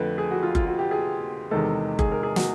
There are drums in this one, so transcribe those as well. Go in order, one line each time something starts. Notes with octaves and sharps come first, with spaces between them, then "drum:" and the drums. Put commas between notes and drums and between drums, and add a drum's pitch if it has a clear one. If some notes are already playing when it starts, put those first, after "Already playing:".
Already playing: F2 D3 F3 A3 A4 B4
G#4
F#4
F4
F4, drum: kick F#1
F#4
G4
G#4
E2 C3 D#3 G#3 A4
G#4, drum: kick F#1
A#4
G#4
F#4, drum: snare